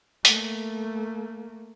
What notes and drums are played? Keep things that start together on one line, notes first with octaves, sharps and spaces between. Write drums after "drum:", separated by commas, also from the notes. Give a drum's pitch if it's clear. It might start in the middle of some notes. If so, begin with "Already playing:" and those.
A3 A#3, drum: hi-hat